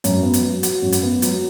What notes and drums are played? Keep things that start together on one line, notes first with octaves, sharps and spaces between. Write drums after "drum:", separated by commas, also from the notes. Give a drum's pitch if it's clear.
F#2, drum: hi-hat
B3
drum: hi-hat
F#3
F#4, drum: hi-hat
F#2
drum: hi-hat
B3
F#3, drum: hi-hat